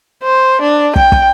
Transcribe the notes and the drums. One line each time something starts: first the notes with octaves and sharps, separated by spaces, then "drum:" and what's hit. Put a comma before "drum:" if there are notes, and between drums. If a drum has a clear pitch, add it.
C5
D4
G5, drum: kick
drum: kick